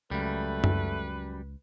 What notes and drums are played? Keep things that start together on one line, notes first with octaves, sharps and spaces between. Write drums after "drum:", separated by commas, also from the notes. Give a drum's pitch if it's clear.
C#2 F#2 G3 A3 B4
drum: tom F#2